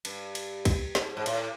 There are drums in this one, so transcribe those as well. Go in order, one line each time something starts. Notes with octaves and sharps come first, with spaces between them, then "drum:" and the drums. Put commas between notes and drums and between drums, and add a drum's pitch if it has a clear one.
G2, drum: cymbal
drum: cymbal
drum: kick, cymbal
G#2, drum: snare
G#2
A2, drum: cymbal